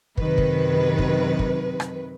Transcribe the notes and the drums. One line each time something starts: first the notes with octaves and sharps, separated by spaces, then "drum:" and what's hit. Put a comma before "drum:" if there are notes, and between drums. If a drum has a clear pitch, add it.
F#2 C3 D#3 B4, drum: kick
drum: kick
drum: kick
drum: kick
drum: rim click